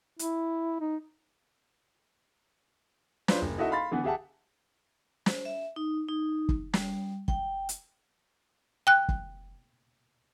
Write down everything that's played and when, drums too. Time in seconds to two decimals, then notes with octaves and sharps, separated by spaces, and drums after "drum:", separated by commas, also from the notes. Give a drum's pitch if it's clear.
0.19 E4, drum: hi-hat
0.81 D#4
3.28 F#3 D4 F4 B4 C5, drum: snare
3.41 F#1
3.58 D#4 E4 F#4 A4 D#5 E5
3.71 F5 B5 C6 A6
3.91 D3 E3 B3 F#5
4.04 G4 G#4 E5 F#5 A5
5.26 C5, drum: snare
5.45 E5
5.76 D#4
6.08 D#4
6.49 drum: kick
6.74 G3, drum: snare
7.28 G5, drum: kick
7.69 drum: hi-hat
8.87 G5 F#6
9.09 drum: kick